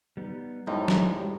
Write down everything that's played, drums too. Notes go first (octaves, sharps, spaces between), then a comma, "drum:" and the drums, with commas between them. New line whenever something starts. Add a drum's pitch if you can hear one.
G3 B3 D#4
F#2 A2 F3 G#3 D#4
drum: snare
G3